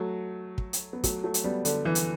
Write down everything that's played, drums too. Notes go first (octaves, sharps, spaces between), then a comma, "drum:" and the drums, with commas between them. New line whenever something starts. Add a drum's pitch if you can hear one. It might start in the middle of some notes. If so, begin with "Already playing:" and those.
Already playing: F#3 A3
drum: kick
drum: hi-hat
B3
F#3 A3, drum: kick, hi-hat
F#3 A3
drum: hi-hat
G3 B3
D3, drum: hi-hat
E3
drum: hi-hat